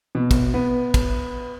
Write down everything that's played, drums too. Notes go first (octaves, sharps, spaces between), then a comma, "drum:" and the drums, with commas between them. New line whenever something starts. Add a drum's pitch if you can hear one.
B2
drum: kick, cymbal
B3
drum: kick, cymbal